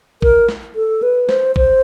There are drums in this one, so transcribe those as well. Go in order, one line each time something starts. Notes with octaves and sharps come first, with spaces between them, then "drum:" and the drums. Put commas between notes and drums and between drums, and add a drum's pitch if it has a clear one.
A#4, drum: kick A1
drum: snare
A4
B4
C5, drum: snare
C5, drum: kick A1